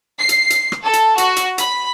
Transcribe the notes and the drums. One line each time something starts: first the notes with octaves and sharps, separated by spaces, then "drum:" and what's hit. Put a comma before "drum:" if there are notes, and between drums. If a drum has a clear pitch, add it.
C7
drum: hi-hat
drum: hi-hat
drum: rim click
A4
drum: hi-hat
F#4, drum: hi-hat
drum: hi-hat
B5, drum: hi-hat